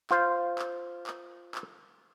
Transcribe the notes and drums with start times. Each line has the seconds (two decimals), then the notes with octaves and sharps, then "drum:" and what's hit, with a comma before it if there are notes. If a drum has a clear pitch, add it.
0.11 F4 C5, drum: clap
0.59 drum: clap
1.07 drum: clap
1.55 drum: clap